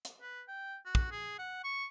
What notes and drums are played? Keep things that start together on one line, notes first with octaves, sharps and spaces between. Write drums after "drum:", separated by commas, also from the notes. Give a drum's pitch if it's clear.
drum: hi-hat
B4
G5
F#4
drum: kick
G#4
F#5
C#6